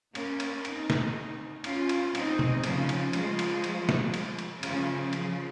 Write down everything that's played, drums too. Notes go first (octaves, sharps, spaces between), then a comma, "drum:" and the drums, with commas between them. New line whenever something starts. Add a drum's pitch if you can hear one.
A#3 C#4, drum: cymbal
drum: cymbal
C4 D#4, drum: cymbal
drum: snare
C#4 F4, drum: cymbal
drum: cymbal
C4 D#4, drum: cymbal
drum: tom B2
C#3 F3, drum: cymbal
drum: cymbal
F3 G#3, drum: cymbal
drum: cymbal
drum: cymbal
drum: snare
drum: cymbal
drum: cymbal
C#3 F3, drum: cymbal
C#3 F3, drum: cymbal